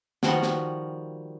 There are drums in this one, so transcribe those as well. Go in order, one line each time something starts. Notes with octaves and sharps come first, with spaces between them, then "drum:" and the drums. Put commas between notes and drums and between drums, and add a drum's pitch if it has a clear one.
D#3 F3 G3 F#4 D#5 F#5, drum: snare
drum: snare